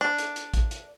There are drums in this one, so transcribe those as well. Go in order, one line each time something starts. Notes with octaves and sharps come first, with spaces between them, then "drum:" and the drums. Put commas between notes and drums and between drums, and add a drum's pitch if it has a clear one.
D4
drum: hi-hat
drum: hi-hat
drum: kick, hi-hat
drum: hi-hat